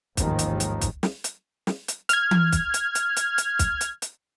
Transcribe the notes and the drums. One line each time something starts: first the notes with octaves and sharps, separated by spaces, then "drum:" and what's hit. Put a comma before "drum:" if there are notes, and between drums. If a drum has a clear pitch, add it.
A1 D#2 G#2 D#3 F3, drum: kick, hi-hat
drum: hi-hat
drum: hi-hat
drum: kick, hi-hat
drum: snare
drum: hi-hat
drum: snare
drum: hi-hat
F6 G#6, drum: hi-hat
drum: tom E3
drum: kick, hi-hat
drum: hi-hat
drum: hi-hat
drum: hi-hat
drum: hi-hat
drum: kick, hi-hat
drum: hi-hat
drum: hi-hat